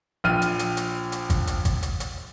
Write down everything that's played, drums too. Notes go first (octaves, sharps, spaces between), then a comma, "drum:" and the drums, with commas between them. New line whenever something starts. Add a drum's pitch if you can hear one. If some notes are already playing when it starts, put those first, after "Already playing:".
A#1 G5 F6 D#7
drum: hi-hat
drum: hi-hat
drum: hi-hat
drum: hi-hat
drum: kick G#1, hi-hat
drum: hi-hat
drum: kick G#1, hi-hat
drum: hi-hat
drum: hi-hat